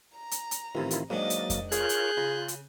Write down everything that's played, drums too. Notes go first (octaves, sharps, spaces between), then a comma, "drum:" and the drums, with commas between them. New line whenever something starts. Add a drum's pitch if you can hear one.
A#5
drum: hi-hat
drum: hi-hat
A1 C3 D#3 E4 F4
drum: hi-hat
G#2 D#3 F#3 A#3 D4 D#5 A6
drum: hi-hat
drum: kick F2, hi-hat
F4 G#4 A#4 C#5 F#6 G6, drum: hi-hat
drum: hi-hat
C#3 F4
drum: hi-hat